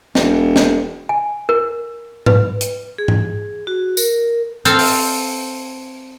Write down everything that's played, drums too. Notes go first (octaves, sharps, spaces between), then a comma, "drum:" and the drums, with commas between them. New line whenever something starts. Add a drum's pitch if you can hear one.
E1, drum: snare
drum: snare
G#5
A#4
B4, drum: tom G#2
drum: hi-hat
G#4
drum: tom
F#4
A#4, drum: tambourine
C4 A4 C5 F5, drum: hi-hat
drum: open hi-hat